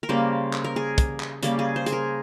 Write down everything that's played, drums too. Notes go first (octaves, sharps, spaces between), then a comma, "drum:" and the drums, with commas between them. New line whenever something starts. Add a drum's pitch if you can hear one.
A#4
C#3 G3 A#3 C5
drum: clap
A#4
G#4
drum: kick, hi-hat
drum: clap
C#3 G3 A#3, drum: hi-hat
G#4
C5
G#4, drum: hi-hat
A#4